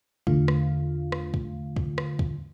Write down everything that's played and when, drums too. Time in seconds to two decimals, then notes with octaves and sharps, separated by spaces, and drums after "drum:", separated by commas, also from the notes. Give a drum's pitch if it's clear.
0.27 E2 D3 A3 F4 F5, drum: kick
0.48 drum: rim click
1.12 drum: rim click
1.34 drum: kick
1.76 drum: kick
1.98 drum: rim click
2.19 drum: kick